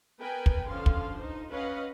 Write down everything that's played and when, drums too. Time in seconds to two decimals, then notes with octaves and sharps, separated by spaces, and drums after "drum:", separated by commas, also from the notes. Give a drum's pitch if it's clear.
0.19 B3 A#4 B4 G5 G#5
0.46 drum: kick
0.68 D3 F3 C#4 F5 C6
0.86 drum: kick
1.16 D#4 C5
1.51 C#4 B4 D#5 F5 F#5